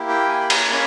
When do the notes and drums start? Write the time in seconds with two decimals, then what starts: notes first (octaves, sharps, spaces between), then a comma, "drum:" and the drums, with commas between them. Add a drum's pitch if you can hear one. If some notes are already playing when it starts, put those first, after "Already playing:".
Already playing: A#3 E4 G4
0.09 G5
0.29 G#5
0.41 B5
0.50 A#5, drum: cymbal
0.70 A#3 C#4 B5